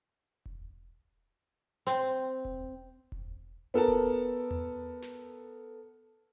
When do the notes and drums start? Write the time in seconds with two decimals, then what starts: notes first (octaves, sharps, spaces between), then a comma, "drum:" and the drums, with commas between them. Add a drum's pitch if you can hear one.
0.46 drum: kick E1
1.87 C4, drum: snare
2.45 drum: kick E1
3.12 drum: kick E1
3.74 B3 A4 A#4 A5
3.88 drum: kick E1
4.51 drum: tom D#2
5.02 drum: snare